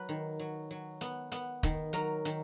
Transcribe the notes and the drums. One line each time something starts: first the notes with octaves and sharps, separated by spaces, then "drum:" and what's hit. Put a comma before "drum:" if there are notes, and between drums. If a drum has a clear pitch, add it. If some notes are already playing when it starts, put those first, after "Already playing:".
Already playing: F#3 B4
D#3
F#3
F#3
B3, drum: hi-hat
B3, drum: hi-hat
D#3, drum: kick, hi-hat
F#3 A#4, drum: hi-hat
D#3, drum: hi-hat